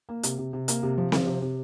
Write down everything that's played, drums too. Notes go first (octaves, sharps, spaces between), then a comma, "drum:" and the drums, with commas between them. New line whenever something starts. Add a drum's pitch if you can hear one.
A#3
C3, drum: hi-hat
C3
C3
A#3, drum: hi-hat
C3
F3
F3, drum: snare C4
C3
C3